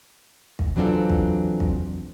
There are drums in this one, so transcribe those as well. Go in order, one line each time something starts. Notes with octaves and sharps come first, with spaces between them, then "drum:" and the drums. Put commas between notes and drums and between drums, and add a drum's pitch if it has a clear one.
drum: kick
E3 F#3 C4 D4 F4 A4
drum: kick
drum: kick